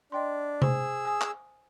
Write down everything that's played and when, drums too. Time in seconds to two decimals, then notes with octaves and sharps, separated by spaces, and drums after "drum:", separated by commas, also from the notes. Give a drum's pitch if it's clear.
0.12 D4 D#5 G5 C6
0.62 G#4 C5 E6, drum: tom C3
1.05 G#5 D#6
1.21 drum: clap